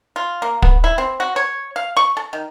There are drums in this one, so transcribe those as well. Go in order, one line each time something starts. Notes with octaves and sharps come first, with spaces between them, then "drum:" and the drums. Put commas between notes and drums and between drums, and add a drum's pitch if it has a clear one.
F4
A#3
B3, drum: kick
E4
C4
F#4
C#5
F5
C#6
A4
D#3